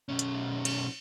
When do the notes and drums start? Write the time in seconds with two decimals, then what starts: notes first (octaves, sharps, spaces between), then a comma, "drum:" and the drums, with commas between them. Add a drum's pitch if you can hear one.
0.09 B1 C#4
0.19 drum: hi-hat
0.65 drum: cymbal